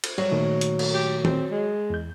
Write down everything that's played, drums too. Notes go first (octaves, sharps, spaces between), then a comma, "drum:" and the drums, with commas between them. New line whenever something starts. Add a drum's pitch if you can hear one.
drum: cymbal
F#3 G3
A#2 D#3 A3
drum: hi-hat
drum: cymbal
G4
C4, drum: tom D#3
G#3
E2 G6